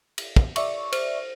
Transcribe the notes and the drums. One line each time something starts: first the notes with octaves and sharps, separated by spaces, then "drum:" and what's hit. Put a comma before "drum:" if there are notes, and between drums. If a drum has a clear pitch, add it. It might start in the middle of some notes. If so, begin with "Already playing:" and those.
drum: cymbal
drum: kick
D5 E5 C#6, drum: cymbal
C5, drum: cymbal